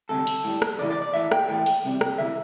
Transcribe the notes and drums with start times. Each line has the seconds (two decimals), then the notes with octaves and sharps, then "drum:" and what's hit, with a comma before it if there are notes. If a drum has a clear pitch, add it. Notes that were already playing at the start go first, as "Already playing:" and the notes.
0.09 D2 C3 G3 A4
0.27 drum: cymbal
0.44 A2 G3
0.62 drum: rim click
0.79 E2 C3 E3 A3 D5
0.90 D5
1.02 D5
1.14 A2 E3 A3 E5
1.32 G5, drum: rim click
1.49 A2 E3 A3 G5
1.66 drum: cymbal
1.83 C2 C3 G3
2.01 drum: rim click
2.18 D2 C3 E3 E5